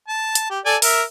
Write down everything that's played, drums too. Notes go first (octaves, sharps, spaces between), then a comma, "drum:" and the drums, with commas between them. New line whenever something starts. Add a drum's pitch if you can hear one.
A5
drum: hi-hat
G4
A4 D5 G#5
A#4 E5, drum: open hi-hat